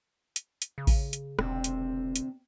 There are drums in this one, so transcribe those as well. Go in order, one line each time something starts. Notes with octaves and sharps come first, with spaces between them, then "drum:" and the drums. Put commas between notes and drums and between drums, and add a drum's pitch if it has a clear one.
drum: hi-hat
drum: hi-hat
C#3
drum: kick A1, open hi-hat
drum: hi-hat
E1 D2 C3 C4, drum: rim click
drum: hi-hat
drum: hi-hat